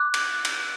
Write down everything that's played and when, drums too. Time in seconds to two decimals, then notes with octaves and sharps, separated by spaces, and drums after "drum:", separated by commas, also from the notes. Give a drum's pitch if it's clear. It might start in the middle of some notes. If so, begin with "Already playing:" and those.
Already playing: D6 F#6
0.14 drum: cymbal
0.45 drum: cymbal